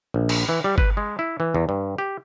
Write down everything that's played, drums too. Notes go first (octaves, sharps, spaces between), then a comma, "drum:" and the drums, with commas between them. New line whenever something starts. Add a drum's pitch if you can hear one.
A#1
drum: cymbal
E3
G3
B4, drum: kick G1
G#3
E4
E3
E2
G2
G4